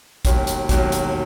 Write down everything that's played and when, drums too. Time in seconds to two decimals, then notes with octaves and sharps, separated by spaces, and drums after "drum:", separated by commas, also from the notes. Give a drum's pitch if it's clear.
0.25 E1 D#2 D#3 F#3, drum: kick A#1, hi-hat
0.47 drum: hi-hat
0.69 E1 D#2 D#3 F#3, drum: kick A#1, hi-hat
0.92 drum: hi-hat